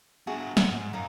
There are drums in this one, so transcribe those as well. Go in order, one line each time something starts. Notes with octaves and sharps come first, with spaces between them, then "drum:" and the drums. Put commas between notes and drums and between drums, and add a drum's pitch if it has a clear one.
B3 D4 F#4 G#4 E5
F#5, drum: snare
G#2
F#2 D#4 D#5 F5